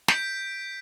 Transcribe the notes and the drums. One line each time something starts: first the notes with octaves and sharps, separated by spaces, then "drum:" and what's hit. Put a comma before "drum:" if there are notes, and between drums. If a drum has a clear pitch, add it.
G6 B6 D7, drum: snare